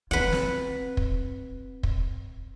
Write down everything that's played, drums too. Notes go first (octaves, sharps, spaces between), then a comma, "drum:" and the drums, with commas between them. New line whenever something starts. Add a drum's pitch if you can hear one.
C4 F4 B4 F#5
drum: snare
drum: kick
drum: kick